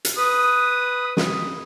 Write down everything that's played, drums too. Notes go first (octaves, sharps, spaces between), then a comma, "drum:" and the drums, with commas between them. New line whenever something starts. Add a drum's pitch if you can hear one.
drum: hi-hat
B4 D#6
drum: snare